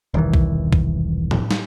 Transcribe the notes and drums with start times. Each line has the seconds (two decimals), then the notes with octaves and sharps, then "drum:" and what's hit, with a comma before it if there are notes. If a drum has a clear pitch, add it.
0.14 E1 C2 D#3 E3
0.34 drum: kick B1
0.73 drum: kick B1
1.31 drum: tom
1.51 drum: snare